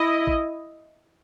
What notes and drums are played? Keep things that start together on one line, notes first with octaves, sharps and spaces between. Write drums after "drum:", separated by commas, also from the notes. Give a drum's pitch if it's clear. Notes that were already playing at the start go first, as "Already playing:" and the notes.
Already playing: E4 D#5
drum: kick A1